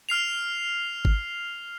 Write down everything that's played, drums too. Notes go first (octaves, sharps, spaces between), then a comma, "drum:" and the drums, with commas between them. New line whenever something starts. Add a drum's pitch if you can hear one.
F6 C7 F7
drum: kick G#1